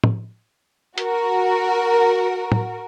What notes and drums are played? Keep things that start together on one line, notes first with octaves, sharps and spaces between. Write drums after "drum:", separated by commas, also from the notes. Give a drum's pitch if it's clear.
drum: tom
F#4 A#4, drum: hi-hat
drum: tom